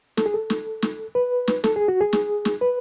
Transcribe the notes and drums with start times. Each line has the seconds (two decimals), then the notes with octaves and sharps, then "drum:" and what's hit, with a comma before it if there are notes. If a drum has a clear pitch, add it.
0.17 A4, drum: snare
0.26 G#4
0.34 A4
0.50 drum: snare
0.82 drum: snare
1.15 B4
1.48 drum: snare
1.64 A4, drum: snare
1.76 G#4
1.88 F#4
2.01 G#4
2.13 drum: snare
2.45 drum: snare
2.61 B4